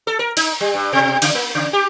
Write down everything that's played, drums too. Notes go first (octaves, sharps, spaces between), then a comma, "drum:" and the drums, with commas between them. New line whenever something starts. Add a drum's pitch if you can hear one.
A4
A#4
D#4, drum: cymbal
G3
G2
B2
C#3, drum: cymbal
A#3
C#3
G4